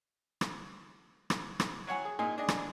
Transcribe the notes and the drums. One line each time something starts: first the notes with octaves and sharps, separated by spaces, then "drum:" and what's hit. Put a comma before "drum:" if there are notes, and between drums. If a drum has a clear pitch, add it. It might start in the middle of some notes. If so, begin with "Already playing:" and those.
drum: rim click
drum: rim click
drum: rim click
F#3 C#5 F#5 G#5
G#4
A#2 D#4 G#4 G#5 C6
D4 G#4 D#5
drum: rim click